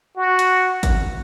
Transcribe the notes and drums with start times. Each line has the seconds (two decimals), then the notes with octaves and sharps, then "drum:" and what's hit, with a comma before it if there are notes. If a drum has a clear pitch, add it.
0.17 F#4
0.39 drum: hi-hat
0.83 drum: kick G#1, hi-hat